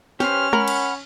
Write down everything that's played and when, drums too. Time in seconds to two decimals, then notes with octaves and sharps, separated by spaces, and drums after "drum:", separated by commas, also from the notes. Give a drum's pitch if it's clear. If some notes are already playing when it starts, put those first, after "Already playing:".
0.20 C#4 G4 B4 C5 F6, drum: snare
0.53 A#4 F#5 B5, drum: tom G#3
0.68 drum: cymbal